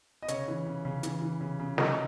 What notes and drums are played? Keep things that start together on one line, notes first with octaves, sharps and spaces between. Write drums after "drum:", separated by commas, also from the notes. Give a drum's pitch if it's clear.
D#5
C#3 C#5, drum: hi-hat
E3
C#3
C#3
E3, drum: hi-hat
E3
C#3
C#3
F#3 D#5, drum: snare